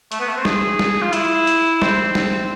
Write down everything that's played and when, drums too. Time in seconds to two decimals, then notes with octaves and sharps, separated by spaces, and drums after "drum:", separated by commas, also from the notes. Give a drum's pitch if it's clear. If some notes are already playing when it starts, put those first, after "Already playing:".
0.12 A3, drum: hi-hat
0.20 B3
0.28 A3
0.36 C4
0.45 G#4, drum: snare
0.79 drum: snare
1.02 F4
1.13 E4, drum: hi-hat
1.47 drum: hi-hat
1.82 C4, drum: snare
2.15 drum: snare